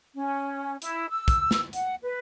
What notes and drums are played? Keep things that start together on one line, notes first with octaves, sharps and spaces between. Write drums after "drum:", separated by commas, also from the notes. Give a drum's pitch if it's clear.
C#4
E4, drum: hi-hat
E6
drum: kick, hi-hat
drum: snare
F#5, drum: hi-hat
B4